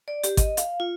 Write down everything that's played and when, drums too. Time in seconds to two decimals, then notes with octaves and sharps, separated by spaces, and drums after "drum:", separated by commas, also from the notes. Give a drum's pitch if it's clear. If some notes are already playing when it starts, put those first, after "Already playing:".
0.08 D5
0.23 G4, drum: hi-hat
0.37 D#5, drum: kick G#1, hi-hat
0.57 F5, drum: hi-hat
0.80 F4